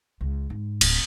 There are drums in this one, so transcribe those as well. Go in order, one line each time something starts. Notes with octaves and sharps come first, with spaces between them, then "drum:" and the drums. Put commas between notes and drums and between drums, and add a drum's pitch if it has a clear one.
C#2
G#2
D1, drum: cymbal